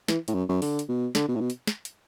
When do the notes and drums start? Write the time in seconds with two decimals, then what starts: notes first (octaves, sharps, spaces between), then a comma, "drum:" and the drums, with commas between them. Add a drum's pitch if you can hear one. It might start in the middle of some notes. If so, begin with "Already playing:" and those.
0.08 E3, drum: snare
0.28 A2, drum: hi-hat
0.34 F#2
0.49 F#2
0.62 D3, drum: open hi-hat
0.79 drum: hi-hat
0.88 B2
1.15 D3, drum: snare
1.28 B2
1.35 A2
1.41 B2
1.50 drum: hi-hat
1.67 drum: snare
1.85 drum: hi-hat